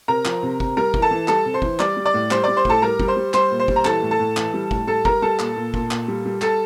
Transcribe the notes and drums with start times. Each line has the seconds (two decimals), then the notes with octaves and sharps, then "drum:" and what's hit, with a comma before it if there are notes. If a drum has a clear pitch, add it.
0.08 C3 A#4 A#5
0.25 F3, drum: clap
0.43 C3
0.60 C3, drum: kick
0.77 G3 A#4 A#5
0.94 E3, drum: kick
1.02 A4 A5
1.11 E3
1.28 G3 A4 A5, drum: clap
1.45 C3
1.54 C5 C6
1.62 E3, drum: kick
1.79 G3 D5 D6, drum: clap
1.97 G3
2.05 D5 D6
2.14 A2
2.31 G3 C5 C6, drum: clap
2.44 G3 D5 D6
2.57 C5 C6
2.65 A2 A4 A5, drum: kick
2.82 G3 A#4 A#5
3.00 G3, drum: kick
3.08 C5 C6
3.17 G3
3.34 G3 C5 C6, drum: clap
3.51 A#2
3.59 C5 C6
3.68 G3, drum: kick
3.76 A#5
3.85 E3 A4 A5, drum: clap
4.02 A2
4.11 A4 A5
4.19 A2
4.37 E3, drum: clap
4.54 G3
4.71 A2, drum: kick
4.87 G3 A4 A5
5.05 G3 A#4 A#5, drum: kick
5.22 G3 A4 A5
5.39 A#2, drum: clap
5.57 A#2
5.74 A#2, drum: kick
5.91 A#2, drum: clap
6.08 G3
6.25 G3
6.42 G3 A4 A5, drum: clap